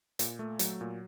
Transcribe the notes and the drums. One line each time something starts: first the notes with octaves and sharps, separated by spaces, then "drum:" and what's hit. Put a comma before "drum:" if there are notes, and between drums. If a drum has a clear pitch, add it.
A#2, drum: hi-hat
A3
F#3, drum: hi-hat
A#2